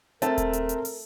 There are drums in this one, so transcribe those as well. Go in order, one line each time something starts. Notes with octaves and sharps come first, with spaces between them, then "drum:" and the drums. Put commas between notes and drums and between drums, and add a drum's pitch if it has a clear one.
A3 C4 A#4 A5, drum: hi-hat
drum: kick D#1, hi-hat
drum: hi-hat
drum: hi-hat
drum: open hi-hat